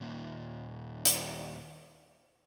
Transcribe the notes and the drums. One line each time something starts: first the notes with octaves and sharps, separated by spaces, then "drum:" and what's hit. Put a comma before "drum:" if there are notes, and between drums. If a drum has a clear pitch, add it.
D#2 A#2
drum: hi-hat